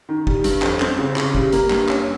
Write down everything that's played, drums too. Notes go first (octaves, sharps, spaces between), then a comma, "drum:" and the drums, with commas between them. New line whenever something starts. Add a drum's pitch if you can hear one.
D#3
G3, drum: kick
G2, drum: hi-hat
F2, drum: clap
C4, drum: clap
C#3
C#3, drum: clap
G3, drum: kick
A#3, drum: hi-hat
G2, drum: clap
C#4, drum: clap